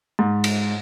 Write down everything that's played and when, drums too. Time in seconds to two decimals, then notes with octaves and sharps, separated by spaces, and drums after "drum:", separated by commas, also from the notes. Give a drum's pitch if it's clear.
0.19 G#2
0.44 drum: cymbal